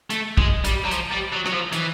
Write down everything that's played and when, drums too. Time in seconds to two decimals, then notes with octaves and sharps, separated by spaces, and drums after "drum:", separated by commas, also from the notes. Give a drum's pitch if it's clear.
0.10 A3, drum: hi-hat
0.38 G#3, drum: kick
0.65 G3, drum: hi-hat
0.85 F#3
0.91 F3, drum: hi-hat
1.12 G3
1.33 F#3
1.46 F#3, drum: rim click
1.53 F3
1.73 E3, drum: hi-hat